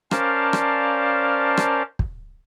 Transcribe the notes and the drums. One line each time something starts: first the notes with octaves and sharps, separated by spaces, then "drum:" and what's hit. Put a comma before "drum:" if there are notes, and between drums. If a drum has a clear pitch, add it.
C#4 A#4 C5 D5 F5 A5, drum: rim click
drum: rim click
drum: rim click
drum: kick